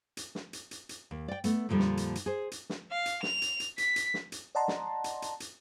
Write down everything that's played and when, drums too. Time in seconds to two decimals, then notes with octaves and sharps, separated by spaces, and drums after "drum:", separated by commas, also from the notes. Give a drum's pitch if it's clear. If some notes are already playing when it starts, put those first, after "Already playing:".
0.17 drum: hi-hat
0.35 drum: snare
0.53 drum: hi-hat
0.71 drum: hi-hat
0.89 drum: hi-hat
1.11 D#2
1.28 D5 G5
1.44 A3 B3, drum: hi-hat
1.69 F2 A#2 D3 F3 G3
1.79 drum: snare
1.97 drum: hi-hat
2.15 drum: hi-hat
2.26 G#4 C5
2.52 drum: hi-hat
2.70 drum: snare
2.91 F5
3.06 drum: hi-hat
3.23 F7, drum: snare
3.42 drum: hi-hat
3.60 drum: hi-hat
3.78 B6, drum: hi-hat
3.96 drum: hi-hat
4.14 drum: snare
4.32 drum: hi-hat
4.55 D5 D#5 F#5 A5 A#5 C6
4.68 drum: snare
5.04 drum: hi-hat
5.22 drum: hi-hat
5.40 drum: hi-hat